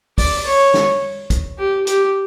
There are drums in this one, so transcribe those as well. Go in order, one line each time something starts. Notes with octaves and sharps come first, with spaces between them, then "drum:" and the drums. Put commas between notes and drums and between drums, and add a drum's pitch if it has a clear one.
D5, drum: kick, open hi-hat
C#5
drum: snare
drum: kick, hi-hat
G4
G4, drum: hi-hat